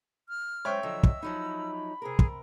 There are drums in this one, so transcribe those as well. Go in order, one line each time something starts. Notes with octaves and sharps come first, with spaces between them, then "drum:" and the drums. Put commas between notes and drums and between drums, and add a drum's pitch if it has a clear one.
F6
F#2 G#3 C5 C#5 E5 G5
D3 F3 F#3 D#5 E6
drum: kick
F3 F#3 D#4 B5
C3 G#4 A#4
drum: kick